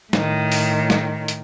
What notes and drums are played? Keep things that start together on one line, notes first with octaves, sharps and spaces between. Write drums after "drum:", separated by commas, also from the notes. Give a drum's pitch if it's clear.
A2 D#3, drum: snare
drum: open hi-hat
drum: snare
drum: hi-hat